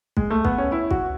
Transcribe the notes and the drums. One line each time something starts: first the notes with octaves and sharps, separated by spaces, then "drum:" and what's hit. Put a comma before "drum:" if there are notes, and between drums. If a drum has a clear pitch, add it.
G#3, drum: kick
A3
B3, drum: kick
C#4
E4
F#4, drum: kick